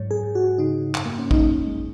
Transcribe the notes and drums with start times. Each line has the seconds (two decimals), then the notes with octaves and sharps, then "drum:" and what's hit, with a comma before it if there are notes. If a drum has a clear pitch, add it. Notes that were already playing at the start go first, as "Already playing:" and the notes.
Already playing: G#2 F#3 C#5
0.11 G#4
0.23 G#2
0.35 F#4
0.58 C#3 D#4
0.94 F#2, drum: clap
1.06 A#3
1.19 C#4
1.31 F#2 D#4, drum: kick A1
1.67 G#3